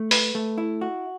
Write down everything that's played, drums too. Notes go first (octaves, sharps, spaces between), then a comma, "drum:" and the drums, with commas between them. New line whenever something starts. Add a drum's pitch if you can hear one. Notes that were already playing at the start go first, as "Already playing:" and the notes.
Already playing: A3
B4, drum: open hi-hat
A3
E4
F#4